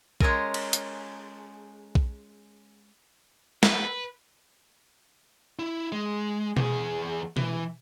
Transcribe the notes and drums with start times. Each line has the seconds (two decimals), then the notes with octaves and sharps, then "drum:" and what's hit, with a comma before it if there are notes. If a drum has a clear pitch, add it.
0.21 G#3 C#4 F4 A4 A#4 G#5, drum: kick B1
0.54 drum: cymbal
0.73 drum: hi-hat
1.95 drum: kick B1
3.63 B4, drum: snare
5.59 E4
5.92 G#3
6.57 E2 G#4, drum: tom B2
7.37 E3, drum: tom B2